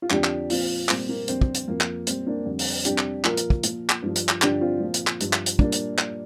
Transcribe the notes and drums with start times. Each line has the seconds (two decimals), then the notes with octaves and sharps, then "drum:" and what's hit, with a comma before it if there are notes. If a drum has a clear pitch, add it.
0.02 F4
0.10 F2 D3 F3 D4 G4, drum: clap
0.24 drum: clap
0.50 A#2 F3 C4 F4, drum: open hi-hat
0.89 A#2 G3 C4, drum: clap
1.09 A#3
1.28 F2 D3 G3 C4, drum: hi-hat
1.41 drum: kick
1.55 drum: hi-hat
1.67 F2 F3 A#3
1.81 drum: clap
2.07 A#2 G3 C4, drum: hi-hat
2.26 A#3 D4
2.46 F2 D3 G3
2.59 drum: open hi-hat
2.85 F2 C3 G3 D4 G4, drum: hi-hat
2.98 drum: clap
3.25 A#2 F3 F4 A#4, drum: clap
3.37 drum: hi-hat
3.50 drum: kick
3.63 A#2 F3, drum: hi-hat
3.89 drum: clap
4.02 G2 F3
4.16 drum: hi-hat
4.29 drum: clap
4.42 G2 D3 F3 D4 G4, drum: clap
4.61 C4 F4
4.80 A#2 F3
4.94 drum: hi-hat
5.07 drum: clap
5.20 G2 F3, drum: hi-hat
5.33 drum: clap
5.46 drum: hi-hat
5.59 A#2 G3 A#3 D4, drum: kick
5.72 drum: hi-hat
5.98 drum: clap